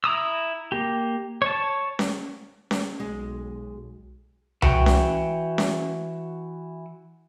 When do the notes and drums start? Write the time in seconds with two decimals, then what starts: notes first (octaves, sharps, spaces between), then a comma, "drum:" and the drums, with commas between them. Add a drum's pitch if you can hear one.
0.04 E4 A#5 D#6 E6
0.72 A#3 G4
1.42 C#5 A5
1.99 drum: snare C#4
2.71 drum: snare C#4
3.00 B1 G#3
4.62 E3 F#4 G5, drum: tom C2
4.86 drum: snare C#4
5.58 drum: snare C#4